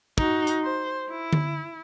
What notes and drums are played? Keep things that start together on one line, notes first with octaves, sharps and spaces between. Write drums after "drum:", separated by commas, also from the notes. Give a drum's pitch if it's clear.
D#4 F#4, drum: kick
drum: hi-hat
C5
E4
drum: tom D3